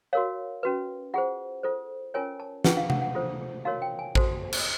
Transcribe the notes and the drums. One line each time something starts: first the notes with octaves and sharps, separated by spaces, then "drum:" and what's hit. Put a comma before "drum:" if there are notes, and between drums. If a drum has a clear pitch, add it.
F#4 A#4 C#5 F5
C#4 F#4 B4
F4 G#4 C5 F#5
F4 A4 C5
C#4 F4 A#4 C#5 G#5
A5
C#4 E4 G#4 B4 F#5, drum: snare
F5
F#5, drum: tom C3
F#5
F4 A4 C5
D#4 F#4 A#4 C#5 F5
G5
G#5
F#4 A4 C5 A5, drum: kick
drum: cymbal